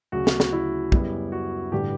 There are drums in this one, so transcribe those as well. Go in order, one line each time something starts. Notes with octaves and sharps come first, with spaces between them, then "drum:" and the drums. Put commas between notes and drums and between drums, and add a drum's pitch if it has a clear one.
D2 C#3 F#3 F#4
drum: snare
drum: snare
E4
F#2 C#3 G3 B3, drum: kick
F#4
A1 G2 D3 G3 G4